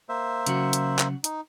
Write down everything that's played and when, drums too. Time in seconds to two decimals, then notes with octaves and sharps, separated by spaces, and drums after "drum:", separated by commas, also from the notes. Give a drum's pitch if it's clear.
0.09 A#3 C5 E5
0.46 C#3 F#3 F#4, drum: hi-hat
0.73 drum: hi-hat
0.99 drum: clap
1.24 D#4, drum: hi-hat